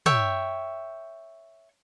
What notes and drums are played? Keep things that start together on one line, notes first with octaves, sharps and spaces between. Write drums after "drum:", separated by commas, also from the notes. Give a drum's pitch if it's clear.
C#5 E5 G5, drum: tom